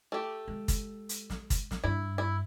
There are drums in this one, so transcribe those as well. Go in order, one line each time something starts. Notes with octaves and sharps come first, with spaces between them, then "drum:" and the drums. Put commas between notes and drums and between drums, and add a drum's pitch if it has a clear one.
A3 G4
G#3
drum: kick, hi-hat
drum: hi-hat
drum: snare
drum: kick, hi-hat
drum: snare
G2 E4
E4